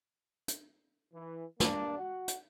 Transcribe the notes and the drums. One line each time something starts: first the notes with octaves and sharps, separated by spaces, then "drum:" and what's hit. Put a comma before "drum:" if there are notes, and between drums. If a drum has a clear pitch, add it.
drum: hi-hat
E3
G2 A#3 D4, drum: snare
F#4 F#5
drum: hi-hat